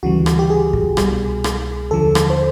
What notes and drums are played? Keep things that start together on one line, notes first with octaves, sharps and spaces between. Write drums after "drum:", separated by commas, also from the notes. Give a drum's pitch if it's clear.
D2 C#3 E3 G3 F#4
drum: rim click
G4
G#4
drum: kick
C2 B2 G3, drum: rim click
drum: rim click
D#2 D3 F3 A4
drum: rim click
C5